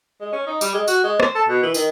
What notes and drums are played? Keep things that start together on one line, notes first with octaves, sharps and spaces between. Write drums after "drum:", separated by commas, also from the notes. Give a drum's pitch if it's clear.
G#3
C#4
D#4
G3, drum: tambourine
G#3
F#4, drum: tambourine
G#3
C5, drum: rim click
A4
B2
E3
D#3, drum: tambourine